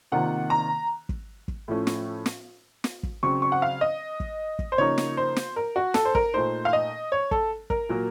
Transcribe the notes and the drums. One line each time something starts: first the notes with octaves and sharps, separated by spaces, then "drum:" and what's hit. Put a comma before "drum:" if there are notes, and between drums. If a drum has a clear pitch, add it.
C3 D#3 A#3 F4 F#5
A#5
drum: kick
drum: kick
A2 F3 A3 C#4
drum: snare
drum: snare
drum: snare
drum: kick
C#3 F#3 C4 C#6
C#6
F#5
F5
D#5
drum: kick
drum: kick
C5
C#3 F3 A#3 D#4 C#5
drum: snare
C5
drum: snare
A#4
F#4
A4, drum: snare
C5
A#4, drum: kick
A#2 A3 D#4 C5
F5
D#5
C#5
A4, drum: kick
A#4, drum: kick
A#2 F#3 A#3